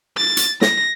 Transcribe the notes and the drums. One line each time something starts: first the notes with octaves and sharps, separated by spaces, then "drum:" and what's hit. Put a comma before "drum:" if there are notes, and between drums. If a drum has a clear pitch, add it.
A6
drum: hi-hat
A#6, drum: snare